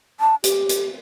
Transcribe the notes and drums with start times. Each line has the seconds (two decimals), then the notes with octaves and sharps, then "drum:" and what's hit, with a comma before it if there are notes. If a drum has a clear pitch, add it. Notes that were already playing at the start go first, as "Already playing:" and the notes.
0.20 A5
0.44 G4, drum: hi-hat
0.69 drum: hi-hat